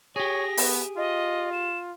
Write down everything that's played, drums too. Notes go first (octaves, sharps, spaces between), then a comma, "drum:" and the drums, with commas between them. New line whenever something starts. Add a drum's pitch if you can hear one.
G4 G#4 C#5 A#6
B3, drum: open hi-hat
F4 D#5
E7